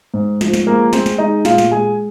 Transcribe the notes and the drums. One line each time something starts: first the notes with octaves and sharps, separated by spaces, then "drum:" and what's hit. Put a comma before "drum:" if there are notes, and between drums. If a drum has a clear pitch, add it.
G#2
F3, drum: snare
drum: snare
G#3 A#3 A#4
G#3 C4 C5, drum: snare
drum: snare
G#3 D#4 D#5
A#2 F4 F5, drum: snare
drum: snare
G#3 G#4 G#5